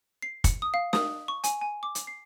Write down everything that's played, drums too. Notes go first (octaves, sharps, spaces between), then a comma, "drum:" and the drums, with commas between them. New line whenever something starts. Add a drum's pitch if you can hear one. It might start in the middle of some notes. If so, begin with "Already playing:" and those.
C7
C#7, drum: kick, hi-hat
D#6
F5
D#6, drum: snare
C#6
G#5, drum: hi-hat
G#5
D6
drum: hi-hat
C7